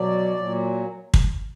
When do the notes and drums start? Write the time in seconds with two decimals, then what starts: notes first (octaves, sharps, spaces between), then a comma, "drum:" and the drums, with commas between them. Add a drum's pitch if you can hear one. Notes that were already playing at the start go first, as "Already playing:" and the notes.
Already playing: B2 F#3 D5
0.37 A#2 F#3
1.14 drum: kick